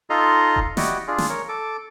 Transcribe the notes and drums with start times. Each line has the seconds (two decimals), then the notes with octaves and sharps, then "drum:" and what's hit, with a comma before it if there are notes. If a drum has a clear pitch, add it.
0.10 D#4 F4 A4 D#5 A#5 C6
0.56 drum: kick D#1
0.77 E4 F#4 G4 D5 D#5 F#5, drum: snare
1.08 D4 F4 G#4
1.18 drum: snare
1.29 A#4 C#5
1.49 A4 D6